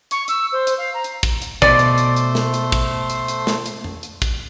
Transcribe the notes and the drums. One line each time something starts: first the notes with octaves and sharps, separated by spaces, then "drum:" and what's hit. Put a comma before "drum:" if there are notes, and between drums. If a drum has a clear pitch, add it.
C#6, drum: hi-hat
E6, drum: hi-hat
C5
drum: hi-hat
F5
A#5
drum: hi-hat
drum: kick, hi-hat
drum: hi-hat
B2 A3 C5 D5, drum: kick, hi-hat
drum: hi-hat
drum: hi-hat
drum: hi-hat
drum: snare
drum: hi-hat
drum: kick, hi-hat
drum: hi-hat
drum: hi-hat
drum: snare
drum: hi-hat
drum: tom F2
drum: hi-hat
drum: kick, hi-hat